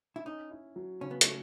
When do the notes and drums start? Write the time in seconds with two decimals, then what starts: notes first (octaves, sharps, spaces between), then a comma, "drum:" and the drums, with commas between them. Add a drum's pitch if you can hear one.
0.16 E4
0.26 C#4 D#4
0.51 E4
0.76 F#3
1.01 C#3 C#4
1.11 B3
1.21 A3, drum: hi-hat
1.27 C#4